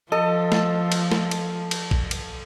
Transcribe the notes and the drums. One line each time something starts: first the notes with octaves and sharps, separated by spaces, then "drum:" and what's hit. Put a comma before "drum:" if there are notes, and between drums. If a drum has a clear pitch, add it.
F3 A4 D#5
drum: snare
drum: cymbal
drum: snare
drum: cymbal
drum: cymbal
drum: kick A1
drum: cymbal